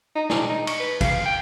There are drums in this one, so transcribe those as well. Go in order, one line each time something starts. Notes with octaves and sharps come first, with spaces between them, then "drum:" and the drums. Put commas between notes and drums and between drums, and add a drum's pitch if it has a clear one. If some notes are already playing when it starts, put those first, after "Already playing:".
D#4
D4, drum: snare
D#4
C#6, drum: cymbal
B4
F5, drum: kick, cymbal
G5